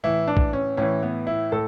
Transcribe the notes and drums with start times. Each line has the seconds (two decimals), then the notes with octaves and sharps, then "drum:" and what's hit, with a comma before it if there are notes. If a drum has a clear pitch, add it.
0.04 A2 E3 E4
0.27 D4
0.37 drum: kick
0.53 C#4
0.77 A2 E3 C#4
1.03 B3
1.27 E4
1.52 A2 A4